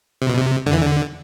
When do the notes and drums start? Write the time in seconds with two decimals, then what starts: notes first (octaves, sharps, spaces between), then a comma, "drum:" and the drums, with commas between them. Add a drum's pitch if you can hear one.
0.22 C3
0.29 B2
0.36 C3
0.66 D3, drum: tom E2
0.73 E3
0.81 D3